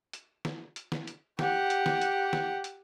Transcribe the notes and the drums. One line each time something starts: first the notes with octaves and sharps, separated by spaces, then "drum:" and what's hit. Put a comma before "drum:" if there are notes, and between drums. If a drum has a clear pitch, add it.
drum: hi-hat
drum: snare
drum: hi-hat
drum: snare
drum: hi-hat
G4 F#5, drum: snare
drum: hi-hat
drum: snare
drum: hi-hat
drum: snare
drum: hi-hat